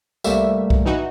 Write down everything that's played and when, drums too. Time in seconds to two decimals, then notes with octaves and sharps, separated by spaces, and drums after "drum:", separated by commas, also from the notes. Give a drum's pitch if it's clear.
0.24 C2 G3 A3 A#3 E5, drum: tambourine
0.70 drum: kick B1
0.85 E3 D#4 F#4